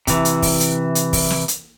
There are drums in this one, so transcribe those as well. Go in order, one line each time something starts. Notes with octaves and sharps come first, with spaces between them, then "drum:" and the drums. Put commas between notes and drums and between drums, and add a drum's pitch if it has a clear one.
C3 E3, drum: kick, hi-hat
drum: hi-hat
drum: kick, open hi-hat
drum: hi-hat
drum: hi-hat
drum: kick, open hi-hat
drum: snare
drum: hi-hat